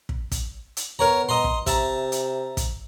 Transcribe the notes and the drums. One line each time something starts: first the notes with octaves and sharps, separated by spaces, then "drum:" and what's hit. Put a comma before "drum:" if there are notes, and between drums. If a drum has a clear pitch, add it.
drum: kick
drum: kick, hi-hat
drum: hi-hat
B3 A#4 C#5 A#5
D#5 A#5 C6
drum: kick
C3 E5 A5 A#5, drum: kick, hi-hat
drum: hi-hat
drum: kick, hi-hat